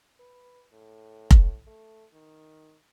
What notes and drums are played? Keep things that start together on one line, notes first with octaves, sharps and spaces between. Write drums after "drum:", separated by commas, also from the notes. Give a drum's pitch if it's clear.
B4
A2
drum: kick F1
A3
D#3